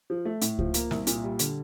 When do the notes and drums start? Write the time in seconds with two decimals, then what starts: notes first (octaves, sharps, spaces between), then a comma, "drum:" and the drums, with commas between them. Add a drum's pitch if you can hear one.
0.10 F3
0.25 A3
0.42 A2, drum: hi-hat
0.59 F3, drum: kick C#2
0.74 A#3, drum: hi-hat
0.91 C2, drum: snare
1.07 A#2, drum: hi-hat
1.24 G3
1.39 D3, drum: hi-hat